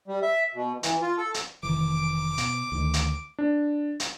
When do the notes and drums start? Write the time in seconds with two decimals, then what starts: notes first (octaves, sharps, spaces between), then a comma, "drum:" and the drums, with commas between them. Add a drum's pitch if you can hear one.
0.08 G3
0.22 E5
0.55 B2
0.83 E3, drum: hi-hat
1.02 F4
1.17 A4
1.34 drum: hi-hat
1.63 F1 D#3 E3 D6
2.38 B2, drum: hi-hat
2.72 D2 D#3
2.94 drum: hi-hat
3.39 D4
4.00 drum: hi-hat